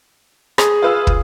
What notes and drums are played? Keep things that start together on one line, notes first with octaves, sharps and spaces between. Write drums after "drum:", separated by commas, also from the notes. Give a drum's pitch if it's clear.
G#4, drum: rim click
F4 B4 E6
drum: kick